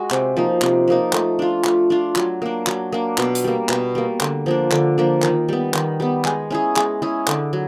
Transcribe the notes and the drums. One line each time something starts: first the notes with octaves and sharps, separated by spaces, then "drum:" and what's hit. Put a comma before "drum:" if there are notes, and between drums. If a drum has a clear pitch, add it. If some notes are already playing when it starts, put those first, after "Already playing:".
Already playing: G#3 F#4
C3, drum: clap
F3 A#3 D#4
C3, drum: clap
F3 A#3 D#4
A3, drum: clap
D4 F4
A3, drum: clap
D4 F4
F#3, drum: clap
A#3 D4
F#3, drum: clap
A#3 D4
B2, drum: clap
drum: hi-hat
G3 A#3
B2, drum: clap
G3 A#3
D3, drum: clap
F3 A#3 D4
D3, drum: clap
F3 A#3 D4
D#3, drum: clap
G3 B3
D#3, drum: clap
G3 B3
G#3, drum: clap
C#4 E4 G#4
G#3, drum: clap
C#4 E4 G#4
D3, drum: clap
F#3